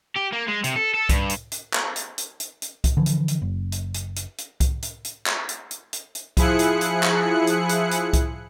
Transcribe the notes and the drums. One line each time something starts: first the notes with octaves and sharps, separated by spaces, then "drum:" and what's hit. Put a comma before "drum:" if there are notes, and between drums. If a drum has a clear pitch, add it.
G4
A#3
G#3
C3, drum: hi-hat
A4
A4
G2, drum: kick C2, hi-hat
drum: hi-hat
drum: hi-hat
drum: clap
drum: hi-hat
drum: hi-hat
drum: hi-hat
drum: hi-hat
drum: kick C2, hi-hat
D3 E3 F3
drum: hi-hat
drum: hi-hat
F#1
drum: hi-hat
drum: hi-hat
drum: hi-hat
drum: hi-hat
drum: kick C2, hi-hat
drum: hi-hat
drum: hi-hat
drum: clap
drum: hi-hat
drum: hi-hat
drum: hi-hat
drum: hi-hat
F3 E4 G#4 F#6 C#7, drum: kick C2, hi-hat
drum: hi-hat
drum: hi-hat
drum: clap
drum: hi-hat
drum: hi-hat
drum: hi-hat
drum: kick C2, hi-hat